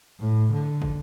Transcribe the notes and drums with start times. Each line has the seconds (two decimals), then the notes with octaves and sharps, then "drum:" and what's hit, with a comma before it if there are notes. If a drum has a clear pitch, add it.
0.19 A2
0.52 D3
0.82 drum: kick